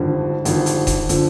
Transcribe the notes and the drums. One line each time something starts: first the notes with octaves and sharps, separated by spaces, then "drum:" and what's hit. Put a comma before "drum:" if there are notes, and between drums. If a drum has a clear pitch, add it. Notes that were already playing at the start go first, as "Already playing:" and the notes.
Already playing: G#1 G2 D3 F3
G#1 G2 D3 F3, drum: hi-hat
drum: hi-hat
drum: kick D#1, hi-hat
D3 F3, drum: hi-hat